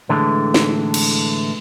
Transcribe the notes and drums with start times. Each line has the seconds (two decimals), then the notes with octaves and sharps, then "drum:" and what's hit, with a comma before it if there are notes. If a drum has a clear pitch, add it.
0.09 A2 D3 E3 G#3 A3
0.54 drum: snare
0.94 drum: cymbal